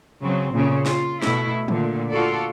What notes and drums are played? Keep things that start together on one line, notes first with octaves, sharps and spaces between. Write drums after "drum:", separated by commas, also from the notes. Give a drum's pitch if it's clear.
C#3 F#3 C4
A#2 C#3
F4, drum: snare
B2 A3 E4, drum: snare
A#2 D3, drum: tom
F4 F#4 A4 D5